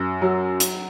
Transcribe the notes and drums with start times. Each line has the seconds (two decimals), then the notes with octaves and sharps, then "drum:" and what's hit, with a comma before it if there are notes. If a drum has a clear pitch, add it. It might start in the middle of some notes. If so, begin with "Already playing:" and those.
Already playing: F#2
0.22 F#3
0.60 drum: hi-hat